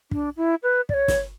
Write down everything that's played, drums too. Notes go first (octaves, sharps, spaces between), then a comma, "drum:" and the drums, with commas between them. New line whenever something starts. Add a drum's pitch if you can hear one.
D4, drum: kick
E4
B4
D5, drum: kick
C#5
drum: snare